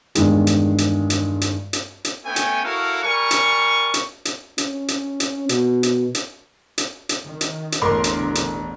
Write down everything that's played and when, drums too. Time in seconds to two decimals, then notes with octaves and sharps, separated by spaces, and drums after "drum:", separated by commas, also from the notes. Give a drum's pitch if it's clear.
0.15 E2 G2 D#3 G#3, drum: hi-hat
0.47 drum: hi-hat
0.78 drum: hi-hat
1.10 drum: hi-hat
1.41 drum: hi-hat
1.73 drum: hi-hat
2.05 drum: hi-hat
2.25 A3 B3 C#4 G5 G#5
2.36 drum: hi-hat
2.63 E4 F#4 A4 A#4 C#5 F5
3.03 G3 A#4 G#5 C#6
3.31 drum: hi-hat
3.94 drum: hi-hat
4.25 drum: hi-hat
4.58 C#4, drum: hi-hat
4.88 drum: hi-hat
5.20 drum: hi-hat
5.49 B2, drum: hi-hat
5.83 drum: hi-hat
6.15 drum: hi-hat
6.78 drum: hi-hat
7.09 drum: hi-hat
7.26 D#3
7.41 drum: hi-hat
7.72 drum: hi-hat
7.82 A1 E2 B2 D3 A#4 C6 D6
8.04 drum: hi-hat
8.35 drum: hi-hat